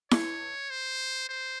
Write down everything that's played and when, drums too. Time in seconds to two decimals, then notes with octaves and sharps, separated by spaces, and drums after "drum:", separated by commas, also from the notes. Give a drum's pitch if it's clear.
0.11 C#5, drum: snare E4
0.70 C5
1.29 C5